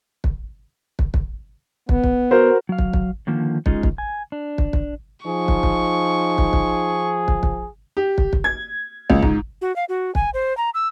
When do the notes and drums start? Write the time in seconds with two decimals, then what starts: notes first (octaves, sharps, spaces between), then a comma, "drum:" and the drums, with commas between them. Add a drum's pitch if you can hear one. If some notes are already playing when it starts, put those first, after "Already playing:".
0.24 drum: kick
0.99 drum: kick
1.14 drum: kick
1.89 B3, drum: kick
2.04 drum: kick
2.31 F#4 A#4 C5
2.69 F#3 F5
2.78 drum: kick
2.93 drum: kick
3.27 D3 D#3 F3 A#3
3.66 G#3 C#4 D#4 F4 G#4, drum: kick
3.83 drum: kick
3.98 G#5
4.32 D4
4.58 drum: kick
4.73 drum: kick
5.26 F3 D#4 G#4 C#6
5.48 drum: kick
5.63 drum: kick
6.38 drum: kick
6.53 drum: kick
7.28 drum: kick
7.43 drum: kick
7.97 G4
8.18 drum: kick
8.33 drum: kick
8.44 G#6
9.10 C#2, drum: kick
9.23 G#2, drum: kick
9.61 F#4
9.76 F5
9.89 F#4
10.15 G#5, drum: kick
10.34 C5
10.57 A#5
10.74 E6